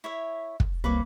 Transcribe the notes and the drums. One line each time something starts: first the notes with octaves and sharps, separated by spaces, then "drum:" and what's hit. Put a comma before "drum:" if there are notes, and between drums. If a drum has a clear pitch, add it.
E4 C#5 E5
drum: kick
C2 A#3 B4 C#5 B5 D6